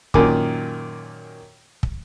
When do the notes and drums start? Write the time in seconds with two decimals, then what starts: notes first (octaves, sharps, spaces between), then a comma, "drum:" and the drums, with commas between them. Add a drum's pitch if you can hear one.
0.14 F#2 A#2 D#3 A#3 G#5 D6, drum: kick
1.83 drum: kick